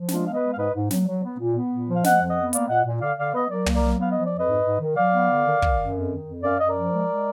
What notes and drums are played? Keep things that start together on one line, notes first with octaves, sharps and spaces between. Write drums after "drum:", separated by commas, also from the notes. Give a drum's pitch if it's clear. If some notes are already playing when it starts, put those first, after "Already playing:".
Already playing: F3
G#3 D4 F4, drum: snare
B3 F5
B4 D#5
G#3
F5
G#2 B4 D#5
G#2
F#3, drum: snare
F#3
B3
A#2
B3
A#2
F3
F5
F3 D#5 F#5, drum: snare
F2
D#5 F#5
B3
A#3 D5 F5, drum: hi-hat
A#2 D#5 F#5
A#2
D3 D5 F5
D3 D5 F5
B3 B4 D#5
F#3 A#4 D5
A#3, drum: tom
A#4 D5
F#3
B3 F5
F3 D#5
D5
F2
B4 D#5
G#2
G#2
D#3
F#3 D5 F5
B3
D3
D#3
D#3, drum: kick
F#2
F2
D#3
F2
F#2 D5 F5
F#2 D#5
A#4 D5
F3
G#3
G#3